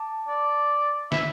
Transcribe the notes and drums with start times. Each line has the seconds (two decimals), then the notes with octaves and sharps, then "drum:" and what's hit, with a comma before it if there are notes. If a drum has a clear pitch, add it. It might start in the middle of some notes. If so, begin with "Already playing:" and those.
Already playing: A5 D6
0.28 D5
1.12 E5, drum: snare